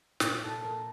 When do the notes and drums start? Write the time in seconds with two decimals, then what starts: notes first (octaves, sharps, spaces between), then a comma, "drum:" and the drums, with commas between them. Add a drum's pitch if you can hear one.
0.20 A#2, drum: snare
0.43 A4
0.64 A#3 A#4